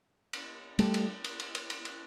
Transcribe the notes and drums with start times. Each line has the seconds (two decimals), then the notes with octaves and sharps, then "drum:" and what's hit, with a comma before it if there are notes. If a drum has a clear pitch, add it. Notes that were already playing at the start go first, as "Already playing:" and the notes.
0.33 drum: cymbal
0.79 G3 A3, drum: cymbal
0.94 drum: cymbal
1.24 drum: cymbal
1.40 drum: cymbal
1.55 drum: cymbal
1.70 drum: cymbal
1.85 drum: cymbal